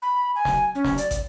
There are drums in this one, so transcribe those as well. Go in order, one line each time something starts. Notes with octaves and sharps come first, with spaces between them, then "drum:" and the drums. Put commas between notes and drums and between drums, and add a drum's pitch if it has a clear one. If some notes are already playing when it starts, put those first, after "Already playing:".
B5
G#5
drum: snare
C#4
drum: snare
D5, drum: hi-hat
drum: kick, hi-hat